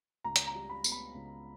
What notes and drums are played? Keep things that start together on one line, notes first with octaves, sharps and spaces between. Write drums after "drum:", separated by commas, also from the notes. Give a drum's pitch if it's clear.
C#2 A#5
drum: hi-hat
A#5
G3
B5
B3, drum: tambourine
B5
C#2